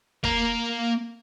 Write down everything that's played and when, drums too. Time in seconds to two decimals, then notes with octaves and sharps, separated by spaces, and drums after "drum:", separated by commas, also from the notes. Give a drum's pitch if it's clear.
0.24 A#3 A#5, drum: kick